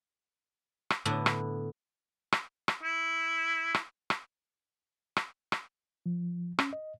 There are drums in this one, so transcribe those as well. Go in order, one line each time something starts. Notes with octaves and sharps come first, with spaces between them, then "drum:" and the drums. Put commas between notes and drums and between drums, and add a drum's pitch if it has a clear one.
drum: rim click
A2 D3 B3 D4
drum: rim click
drum: rim click
drum: rim click
E4
drum: rim click
drum: rim click
drum: rim click
drum: rim click
F3
C#4, drum: rim click
D#5